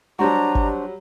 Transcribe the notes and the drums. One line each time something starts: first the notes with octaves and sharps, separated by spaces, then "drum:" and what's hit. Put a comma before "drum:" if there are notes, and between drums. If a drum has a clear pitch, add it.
F#3 G3 D4 F#4 C5 A#5
drum: kick G#1